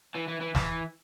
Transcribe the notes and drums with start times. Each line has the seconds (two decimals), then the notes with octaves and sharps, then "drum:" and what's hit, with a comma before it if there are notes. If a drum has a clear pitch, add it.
0.15 E3
0.28 E3
0.41 E3
0.55 E3, drum: snare